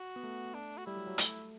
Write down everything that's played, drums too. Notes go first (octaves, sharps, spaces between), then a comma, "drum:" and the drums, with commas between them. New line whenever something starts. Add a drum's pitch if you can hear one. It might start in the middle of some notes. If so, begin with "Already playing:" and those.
Already playing: F#4
B3
A3
D4
F#4
G3 E4
F#3
F#3
A3, drum: hi-hat